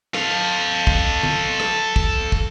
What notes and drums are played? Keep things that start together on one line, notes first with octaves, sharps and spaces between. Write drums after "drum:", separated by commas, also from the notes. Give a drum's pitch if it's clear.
A4 F5, drum: rim click
drum: kick
drum: tom
drum: rim click
drum: kick
drum: kick